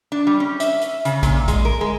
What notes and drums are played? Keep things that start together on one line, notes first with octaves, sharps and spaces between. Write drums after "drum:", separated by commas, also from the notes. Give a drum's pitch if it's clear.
D4
G3
C#4
E5, drum: hi-hat
drum: hi-hat
C#3, drum: hi-hat
A#2, drum: kick, hi-hat
G#3, drum: kick, hi-hat
A#4
G#3